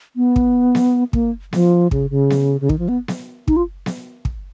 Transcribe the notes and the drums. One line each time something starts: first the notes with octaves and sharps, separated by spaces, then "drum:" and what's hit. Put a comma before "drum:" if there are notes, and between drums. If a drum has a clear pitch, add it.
B3
drum: kick
drum: snare B3
A#3, drum: kick
F3, drum: snare B3
C#3, drum: kick
C#3
drum: snare B3
C#3
D#3, drum: kick
F3
B3
drum: snare B3
D#4, drum: kick
F4
drum: snare B3
drum: kick